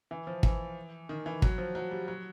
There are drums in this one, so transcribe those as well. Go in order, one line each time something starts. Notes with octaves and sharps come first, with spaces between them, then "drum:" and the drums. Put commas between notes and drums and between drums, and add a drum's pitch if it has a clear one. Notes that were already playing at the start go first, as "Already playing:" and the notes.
E3
F3
E3, drum: kick
D#3
E3
F#3, drum: kick
F3
F#3
G3
F#3